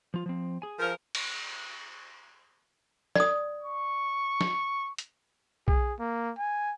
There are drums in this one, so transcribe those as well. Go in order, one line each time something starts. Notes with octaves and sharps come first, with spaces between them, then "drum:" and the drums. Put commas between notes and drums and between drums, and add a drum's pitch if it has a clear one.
F3 F4
F3 C4
G#4 G#5
F3 A#4
drum: cymbal
D5 D#6, drum: snare
C#6
drum: snare
drum: hi-hat
G#4, drum: kick B1
A#3
G#5